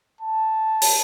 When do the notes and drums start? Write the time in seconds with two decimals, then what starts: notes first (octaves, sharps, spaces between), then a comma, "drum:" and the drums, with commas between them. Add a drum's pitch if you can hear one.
0.21 A5
0.82 drum: open hi-hat